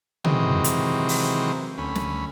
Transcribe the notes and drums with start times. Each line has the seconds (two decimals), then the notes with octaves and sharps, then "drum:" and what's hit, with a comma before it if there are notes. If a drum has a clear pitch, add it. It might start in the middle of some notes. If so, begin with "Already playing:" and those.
0.24 C3 D#3 E3 F#3 G#3 C4, drum: tom
0.64 drum: hi-hat
1.09 drum: open hi-hat
1.78 D2 C#4 B5
1.95 drum: snare